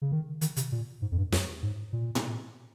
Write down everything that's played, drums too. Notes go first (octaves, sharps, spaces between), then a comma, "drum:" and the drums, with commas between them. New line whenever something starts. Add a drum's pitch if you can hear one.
C#3
D#3
D#3, drum: hi-hat
C3, drum: hi-hat
A#2
G#2
F2
G2
F2, drum: snare
G#2
A#2
drum: tom A2